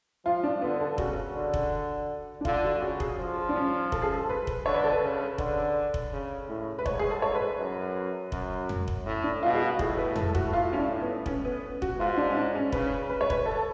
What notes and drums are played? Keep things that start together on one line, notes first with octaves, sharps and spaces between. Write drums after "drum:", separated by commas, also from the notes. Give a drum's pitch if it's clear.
F3 F4
D4
D3 B3
A4
C#3 F#4, drum: kick F1
D3
drum: kick F1
D4
D3 F4, drum: kick F1
F#4
C#3 F#4
G#4, drum: kick F1
F3
D4
C#4
A4, drum: kick F1
G#4
A4
B4
drum: kick F1
D3 C#5
B4
A4
B4
C#3
D3, drum: kick F1
drum: kick F1
C#3
A2
B4
G#2 C#5, drum: kick F1
G#4
A4
C#5
B4
F#2
F#2, drum: kick F1
drum: tom
drum: kick F1
A2
D4
B2 F4
G#4
F#4
A2 G#4, drum: kick F1
B4
A4, drum: tom
F#4, drum: kick F1
F4
C#4
D4
B3
C#4, drum: kick F1
B3
F#4, drum: kick F1
G#2 F4
D4
C#4
D4
C#4
C#3 B4, drum: kick F1
B4
C#5
B4, drum: kick F1
A4